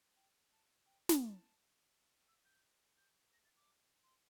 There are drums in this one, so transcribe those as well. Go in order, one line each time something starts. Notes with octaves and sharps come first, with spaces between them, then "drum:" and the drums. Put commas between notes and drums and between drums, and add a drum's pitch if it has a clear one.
G5
A5
G5
drum: snare
A5
E6
G6
G6
A#6
A6
D6
C6